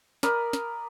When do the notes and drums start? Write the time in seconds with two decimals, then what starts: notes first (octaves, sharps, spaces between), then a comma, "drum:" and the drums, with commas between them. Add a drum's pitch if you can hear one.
0.23 A#4 D5 B5 D#6, drum: snare
0.53 drum: snare